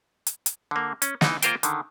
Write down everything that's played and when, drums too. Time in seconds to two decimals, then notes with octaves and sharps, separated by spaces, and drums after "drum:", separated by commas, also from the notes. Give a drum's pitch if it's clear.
0.27 drum: hi-hat
0.46 drum: hi-hat
0.71 D3 A#3
1.02 C#4, drum: hi-hat
1.21 E3 D#4, drum: snare
1.42 A#3 F4 A#4 C5 G5, drum: hi-hat
1.63 D3 D#3, drum: hi-hat